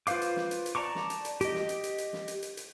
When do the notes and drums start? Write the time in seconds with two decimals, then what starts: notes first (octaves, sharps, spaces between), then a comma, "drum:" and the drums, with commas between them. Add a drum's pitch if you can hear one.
0.07 F4 B4 C5 F5 D6, drum: hi-hat
0.22 drum: hi-hat
0.36 drum: snare
0.51 drum: hi-hat
0.66 drum: hi-hat
0.75 D5 A5 A#5 C#6 D6
0.95 drum: snare
1.10 drum: hi-hat
1.25 drum: hi-hat
1.41 G4 D#5, drum: hi-hat
1.54 drum: snare
1.69 drum: hi-hat
1.84 drum: hi-hat
1.98 drum: hi-hat
2.13 drum: snare
2.28 drum: hi-hat
2.42 drum: hi-hat
2.57 drum: hi-hat